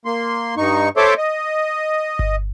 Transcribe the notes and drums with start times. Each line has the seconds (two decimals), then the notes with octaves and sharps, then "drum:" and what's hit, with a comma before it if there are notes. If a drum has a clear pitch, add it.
0.05 A#3 C6
0.57 G2 D#4 C#6
0.97 A4 C5 C#5 E5 C6 D6
1.17 D#5
2.19 drum: kick G1